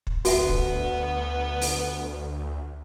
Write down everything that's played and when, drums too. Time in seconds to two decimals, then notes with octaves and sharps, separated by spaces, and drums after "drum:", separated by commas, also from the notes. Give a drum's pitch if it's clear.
0.07 drum: kick
0.25 D2 B3 F#4 E5 F#5, drum: open hi-hat
0.49 drum: kick
1.61 drum: open hi-hat